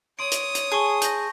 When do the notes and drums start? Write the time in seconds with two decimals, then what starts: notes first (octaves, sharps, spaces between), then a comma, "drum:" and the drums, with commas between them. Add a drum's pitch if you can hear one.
0.19 C#5 C6 D#6 D7
0.32 drum: hi-hat
0.55 drum: hi-hat
0.72 G#4 A5 C#6
1.02 G6 A#6, drum: hi-hat